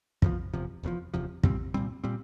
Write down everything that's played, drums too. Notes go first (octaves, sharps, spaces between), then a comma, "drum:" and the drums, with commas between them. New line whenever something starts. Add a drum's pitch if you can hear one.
F1 E2 C3 F3, drum: kick
F1 E2 C3 F3
F1 E2 C3 F3
F1 E2 C3 F3
C2 A#2 G3 C4, drum: kick
C2 A#2 G3 C4
A#2 G3 C4